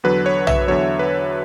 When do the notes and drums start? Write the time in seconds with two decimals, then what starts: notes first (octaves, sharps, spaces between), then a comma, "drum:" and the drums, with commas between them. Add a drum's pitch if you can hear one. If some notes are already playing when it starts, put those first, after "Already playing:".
0.04 E2 D3 F#3 B4
0.26 C#5
0.47 E5, drum: tom
0.68 E2 D3 F#3 C#5
0.99 B4